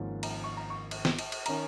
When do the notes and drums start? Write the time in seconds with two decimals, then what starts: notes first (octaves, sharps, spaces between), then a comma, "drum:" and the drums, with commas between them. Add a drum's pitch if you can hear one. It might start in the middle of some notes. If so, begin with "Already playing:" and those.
Already playing: G#1 G#2 F3 A#3 C#4
0.23 A#5, drum: cymbal
0.44 C#6
0.57 A#5
0.70 C#6
0.91 drum: cymbal
1.05 drum: snare
1.19 drum: cymbal
1.32 drum: cymbal
1.46 D#3 C#4 A#5, drum: cymbal